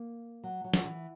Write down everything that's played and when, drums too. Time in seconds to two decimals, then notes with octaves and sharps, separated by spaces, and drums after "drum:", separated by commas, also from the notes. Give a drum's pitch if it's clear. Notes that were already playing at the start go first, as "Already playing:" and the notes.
Already playing: A#3
0.44 F#3
0.64 F#3
0.73 drum: snare
0.85 E3